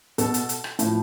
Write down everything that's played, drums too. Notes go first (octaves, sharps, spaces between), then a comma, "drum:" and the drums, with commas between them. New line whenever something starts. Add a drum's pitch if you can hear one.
B2 A4, drum: hi-hat
drum: hi-hat
drum: hi-hat
drum: rim click
A2 F3, drum: hi-hat